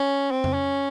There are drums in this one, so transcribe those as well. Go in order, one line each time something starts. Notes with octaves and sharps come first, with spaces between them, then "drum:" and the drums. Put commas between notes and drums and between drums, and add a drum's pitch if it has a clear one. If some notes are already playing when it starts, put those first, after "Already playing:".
Already playing: C#4
C4
drum: tom F2
C#4